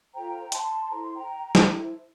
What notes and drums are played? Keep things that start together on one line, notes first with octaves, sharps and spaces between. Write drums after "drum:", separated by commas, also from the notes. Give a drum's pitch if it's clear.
F4 A4 C5 G5 A#5
A5 C6, drum: hi-hat
E4 A4 C5 A#5
C6
G5 A#5
drum: snare
E4 A4 C5